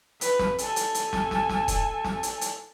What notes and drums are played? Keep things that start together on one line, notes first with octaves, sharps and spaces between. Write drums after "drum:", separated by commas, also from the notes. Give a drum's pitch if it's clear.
B4, drum: hi-hat
drum: snare
A4 G#5, drum: hi-hat
drum: hi-hat
drum: hi-hat
drum: snare
drum: snare
drum: snare
drum: kick E1, hi-hat
drum: snare
drum: hi-hat
drum: hi-hat